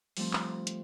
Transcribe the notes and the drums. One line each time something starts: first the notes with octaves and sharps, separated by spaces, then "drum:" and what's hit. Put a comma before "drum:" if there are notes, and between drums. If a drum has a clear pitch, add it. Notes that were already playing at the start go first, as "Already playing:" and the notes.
F3 G3 A3 C4, drum: open hi-hat
drum: clap
drum: hi-hat